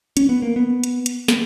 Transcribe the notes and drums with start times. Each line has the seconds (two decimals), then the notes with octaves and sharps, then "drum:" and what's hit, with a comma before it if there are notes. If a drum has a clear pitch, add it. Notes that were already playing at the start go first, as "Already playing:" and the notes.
0.17 C#4, drum: hi-hat
0.29 B3
0.42 A#3
0.56 B3
0.84 drum: hi-hat
1.06 drum: hi-hat
1.28 drum: snare